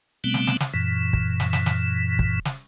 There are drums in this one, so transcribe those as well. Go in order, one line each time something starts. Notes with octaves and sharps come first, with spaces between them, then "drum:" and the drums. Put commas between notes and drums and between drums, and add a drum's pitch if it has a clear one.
B2 G3 A3 B3 C4
drum: snare
drum: snare
drum: snare
F#2 A#2 E3
drum: kick
drum: snare
drum: snare
drum: snare
drum: kick
drum: snare